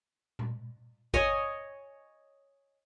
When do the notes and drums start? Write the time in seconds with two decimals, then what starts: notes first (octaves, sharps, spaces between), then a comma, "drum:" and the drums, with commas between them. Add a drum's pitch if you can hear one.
0.39 drum: tom A#2
1.14 C#5 D#5 G#5, drum: kick G#1